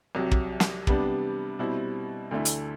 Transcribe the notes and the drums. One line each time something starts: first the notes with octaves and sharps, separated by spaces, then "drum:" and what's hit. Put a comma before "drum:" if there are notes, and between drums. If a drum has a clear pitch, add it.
C2 C3 F#3
drum: kick
drum: snare
C3 G3 B3 D4, drum: kick
B2 G3 C4 E4
D2 D3 A3 E4
drum: hi-hat